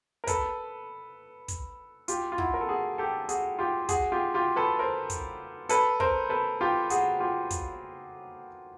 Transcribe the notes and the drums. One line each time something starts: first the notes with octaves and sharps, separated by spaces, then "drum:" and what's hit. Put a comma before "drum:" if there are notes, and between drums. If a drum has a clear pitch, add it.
A#4
A4 B4, drum: kick, hi-hat
drum: kick, hi-hat
F4 G4, drum: hi-hat
F4
E4 F#4, drum: kick
A#4
A4
F#4 G#4
G4 A4
F#4 G#4, drum: hi-hat
F4 G4
F#4 G#4, drum: kick, hi-hat
F4 G4
F4 G4
A4 B4
A#4 C5
drum: kick, hi-hat
A4 B4, drum: hi-hat
A#4 C5, drum: kick
A4 B4
F4 G4
F#4 G#4, drum: hi-hat
F4 G4
drum: kick, hi-hat